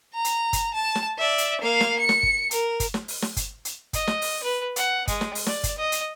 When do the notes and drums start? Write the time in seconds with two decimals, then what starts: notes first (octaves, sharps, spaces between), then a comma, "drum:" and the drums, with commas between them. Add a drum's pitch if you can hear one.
0.14 A#5
0.24 drum: hi-hat
0.53 drum: kick, hi-hat
0.74 A5
0.95 drum: snare
1.18 D5 E5
1.38 drum: hi-hat
1.61 A#3 F5
1.81 drum: snare
1.99 C#7
2.09 drum: snare
2.23 drum: kick
2.51 A#4, drum: hi-hat
2.80 drum: kick, hi-hat
2.94 drum: snare
3.08 drum: open hi-hat
3.22 drum: snare
3.37 drum: kick, hi-hat
3.65 drum: hi-hat
3.93 D#5, drum: kick, hi-hat
4.07 drum: snare
4.22 drum: open hi-hat
4.43 B4
4.76 F#5, drum: hi-hat
5.08 G#3, drum: kick, hi-hat
5.21 drum: snare
5.35 drum: open hi-hat
5.46 D5, drum: snare
5.63 drum: kick, hi-hat
5.77 D#5
5.92 drum: hi-hat